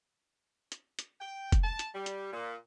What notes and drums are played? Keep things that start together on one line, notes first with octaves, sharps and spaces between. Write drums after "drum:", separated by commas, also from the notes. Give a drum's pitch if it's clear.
drum: hi-hat
drum: hi-hat
G5
drum: kick F1, hi-hat
A5
drum: hi-hat
G3
drum: hi-hat
A#2